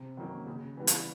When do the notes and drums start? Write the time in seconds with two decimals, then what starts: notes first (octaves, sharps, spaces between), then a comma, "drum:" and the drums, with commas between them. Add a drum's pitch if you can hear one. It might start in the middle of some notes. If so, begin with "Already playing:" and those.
Already playing: C3
0.17 D#3 F#3 A#3 C#4
0.47 C#3
0.77 E3 G3 B3
0.87 drum: hi-hat